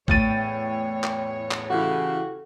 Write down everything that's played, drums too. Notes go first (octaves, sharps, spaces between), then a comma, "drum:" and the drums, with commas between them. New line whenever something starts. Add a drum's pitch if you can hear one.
E2 A2 C#5 G5 A6 D#7, drum: kick
drum: clap
drum: clap
C#3 E3 E4 F#4 G4 A4